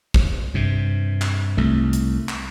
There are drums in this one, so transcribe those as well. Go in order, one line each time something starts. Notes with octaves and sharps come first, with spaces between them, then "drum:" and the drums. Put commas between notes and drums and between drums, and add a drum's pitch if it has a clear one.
drum: kick A1
G2 C3
drum: clap
C2 A3
drum: hi-hat
drum: clap